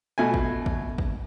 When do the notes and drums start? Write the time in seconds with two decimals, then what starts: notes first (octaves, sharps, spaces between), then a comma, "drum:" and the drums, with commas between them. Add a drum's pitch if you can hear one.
0.18 B2 A3 G#5
0.34 drum: kick
0.66 drum: kick
0.98 drum: kick